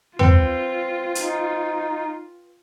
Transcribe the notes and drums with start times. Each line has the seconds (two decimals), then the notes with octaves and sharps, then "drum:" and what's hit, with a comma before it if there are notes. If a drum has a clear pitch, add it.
0.19 C4 F4 B4, drum: tom
1.15 D#4, drum: hi-hat